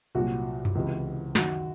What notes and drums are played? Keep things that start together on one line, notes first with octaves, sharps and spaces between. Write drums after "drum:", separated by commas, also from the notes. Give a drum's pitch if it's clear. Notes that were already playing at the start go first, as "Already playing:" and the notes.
C2 A#2 F#3 F#4
drum: tom F#2
C#2 C3 E3
F#2 D#3 F#3 F#4, drum: snare